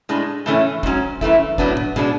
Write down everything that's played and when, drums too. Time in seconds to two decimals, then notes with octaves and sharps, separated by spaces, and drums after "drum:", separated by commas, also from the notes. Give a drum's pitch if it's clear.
0.09 A2 G#3 D4
0.46 A2 E3 A3 C#4
0.83 G#2 F#3 C#4, drum: kick
1.21 F#2 E3 A3 E4, drum: kick
1.58 A2 F#3 B3 D4, drum: kick
1.77 drum: tom
1.96 B2 G#3 D4, drum: tom